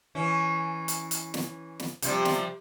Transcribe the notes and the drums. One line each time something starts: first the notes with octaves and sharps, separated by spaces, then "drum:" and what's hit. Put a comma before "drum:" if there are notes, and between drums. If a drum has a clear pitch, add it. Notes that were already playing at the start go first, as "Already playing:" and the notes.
E3 C#4
drum: hi-hat
drum: hi-hat
drum: snare
drum: snare
C3 F3 G3, drum: hi-hat
drum: snare